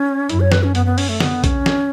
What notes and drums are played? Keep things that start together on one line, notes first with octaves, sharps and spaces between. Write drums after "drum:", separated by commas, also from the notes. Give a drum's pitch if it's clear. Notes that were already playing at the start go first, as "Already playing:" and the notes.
Already playing: C#4
F#2 E4, drum: hi-hat
C#5
B4, drum: snare
C#4
F#2 B3, drum: hi-hat
B3
C#4, drum: open hi-hat
A3
D3 B3, drum: snare
C#4, drum: kick B1, hi-hat
drum: snare